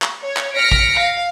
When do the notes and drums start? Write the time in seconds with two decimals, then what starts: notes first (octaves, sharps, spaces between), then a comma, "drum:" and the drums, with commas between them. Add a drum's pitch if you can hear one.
0.02 drum: clap
0.23 C#5
0.37 drum: clap
0.54 F6 A#6 B6 C#7 D7
0.72 drum: kick
0.99 F5